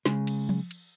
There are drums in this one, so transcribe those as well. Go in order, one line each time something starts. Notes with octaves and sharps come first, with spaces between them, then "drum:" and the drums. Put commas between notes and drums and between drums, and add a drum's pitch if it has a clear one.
C#3 G#3, drum: snare
drum: cymbal
drum: tom F3
drum: cymbal